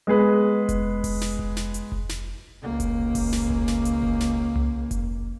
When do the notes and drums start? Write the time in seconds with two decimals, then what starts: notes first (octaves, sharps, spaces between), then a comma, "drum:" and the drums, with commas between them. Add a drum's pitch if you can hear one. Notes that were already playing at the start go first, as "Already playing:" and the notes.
0.07 G#3 B3 G#4 B4
0.69 drum: kick F1, hi-hat
1.04 drum: kick F1, open hi-hat
1.21 drum: snare
1.39 drum: kick F1
1.57 drum: snare
1.74 drum: hi-hat
1.92 drum: kick F1
2.09 drum: snare
2.62 C#2 A#3
2.80 drum: kick F1, hi-hat
3.15 drum: kick F1, open hi-hat
3.32 drum: snare
3.50 drum: kick F1
3.68 drum: snare
3.85 drum: hi-hat
4.03 drum: kick F1
4.20 drum: snare
4.56 drum: tom C2
4.91 drum: kick F1, hi-hat